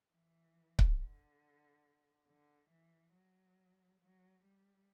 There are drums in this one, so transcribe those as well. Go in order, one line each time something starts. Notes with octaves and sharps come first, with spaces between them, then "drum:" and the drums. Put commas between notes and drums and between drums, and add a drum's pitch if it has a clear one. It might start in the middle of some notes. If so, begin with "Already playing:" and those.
E3
drum: kick C#1
D3
D3
E3
F#3
F#3
G3